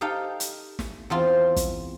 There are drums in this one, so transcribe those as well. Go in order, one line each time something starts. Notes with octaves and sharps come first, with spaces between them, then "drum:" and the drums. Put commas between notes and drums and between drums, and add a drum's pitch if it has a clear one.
D#4 G4 A4 F5 G5
drum: hi-hat
drum: snare
E2 C4 F4
drum: kick, hi-hat